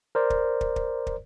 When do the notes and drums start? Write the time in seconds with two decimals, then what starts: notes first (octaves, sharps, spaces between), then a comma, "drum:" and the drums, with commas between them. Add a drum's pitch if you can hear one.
0.15 A#4 C5 D5
0.30 drum: kick
0.61 drum: kick
0.76 drum: kick
1.07 drum: kick